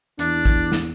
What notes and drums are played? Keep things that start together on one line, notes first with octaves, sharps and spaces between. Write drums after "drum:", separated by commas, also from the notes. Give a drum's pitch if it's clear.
E2 D4, drum: hi-hat
drum: kick, hi-hat
drum: snare